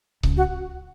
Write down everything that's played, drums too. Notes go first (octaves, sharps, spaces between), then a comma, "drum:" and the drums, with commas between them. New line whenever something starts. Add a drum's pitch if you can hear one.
C#2, drum: kick C#1
F#4